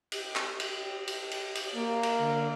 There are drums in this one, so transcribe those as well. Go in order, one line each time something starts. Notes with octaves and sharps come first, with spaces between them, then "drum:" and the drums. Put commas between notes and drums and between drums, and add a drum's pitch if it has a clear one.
G4, drum: cymbal
drum: clap
drum: cymbal
drum: cymbal
drum: cymbal
drum: cymbal
A#3
drum: cymbal
D3